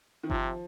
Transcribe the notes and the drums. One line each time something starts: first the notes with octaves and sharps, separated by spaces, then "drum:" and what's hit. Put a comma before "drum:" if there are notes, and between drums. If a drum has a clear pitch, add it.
D#3
C3 F3, drum: kick G1